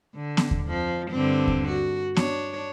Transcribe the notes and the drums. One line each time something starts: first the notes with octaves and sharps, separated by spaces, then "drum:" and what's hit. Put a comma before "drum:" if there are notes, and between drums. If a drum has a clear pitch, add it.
D3
drum: snare B3
drum: kick D#2
F2 F3
G2 D3 C4
drum: kick D#2
F#4
D4 C#5, drum: snare B3